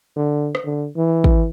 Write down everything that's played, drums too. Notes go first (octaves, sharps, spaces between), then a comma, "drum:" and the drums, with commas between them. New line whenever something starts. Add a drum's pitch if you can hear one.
D3
drum: rim click
D3
E3
drum: kick